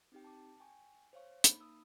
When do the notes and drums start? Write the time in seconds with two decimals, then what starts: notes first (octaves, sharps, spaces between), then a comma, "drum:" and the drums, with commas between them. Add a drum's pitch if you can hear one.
0.12 C4 D#4 G4 G5
0.24 A5 D6
0.60 G5 G#5 C#6
1.13 C5 C#5 F5 C#6
1.44 A#3 D#4 B5, drum: hi-hat
1.60 D#6 E6